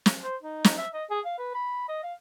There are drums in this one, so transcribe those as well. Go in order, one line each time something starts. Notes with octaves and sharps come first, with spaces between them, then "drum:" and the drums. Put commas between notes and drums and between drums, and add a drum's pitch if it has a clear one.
drum: snare
C5
D#4
drum: snare
E5
D#5
G#4
F5
B4
B5
D#5
F5